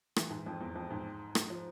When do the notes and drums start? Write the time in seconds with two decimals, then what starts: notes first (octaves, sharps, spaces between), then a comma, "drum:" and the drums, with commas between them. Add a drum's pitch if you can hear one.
0.16 E3, drum: rim click
0.30 G#2
0.46 F2
0.61 E2
0.76 F2
0.91 G#2
1.35 drum: rim click
1.50 F3